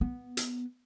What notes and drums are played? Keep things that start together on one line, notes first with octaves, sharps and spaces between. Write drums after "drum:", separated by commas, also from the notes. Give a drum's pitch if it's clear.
B3
drum: hi-hat